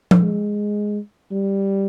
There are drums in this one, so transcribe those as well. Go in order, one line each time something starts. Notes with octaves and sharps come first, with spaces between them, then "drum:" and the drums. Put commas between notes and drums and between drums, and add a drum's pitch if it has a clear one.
drum: tom F3
G#3
G3